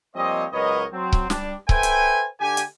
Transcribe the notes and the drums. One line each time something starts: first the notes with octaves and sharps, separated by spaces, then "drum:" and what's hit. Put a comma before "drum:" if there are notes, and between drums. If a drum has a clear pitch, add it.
F3 G3 A#3 C4 C#5 D#5
C#2 F#3 A#4 B4 C#5 D#5
F#3 C4
drum: kick C#1
G3 D4, drum: snare
A4 B4 C5 E5 G5 G#5, drum: kick C#1
drum: hi-hat
D3 G4 G#5
drum: hi-hat